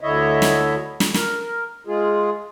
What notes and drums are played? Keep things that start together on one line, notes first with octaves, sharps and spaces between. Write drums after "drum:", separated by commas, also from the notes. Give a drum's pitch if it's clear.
D2 D3 E4 C#5 D#5 E5
drum: snare
drum: snare
A#4, drum: snare
G#3 F4 G#4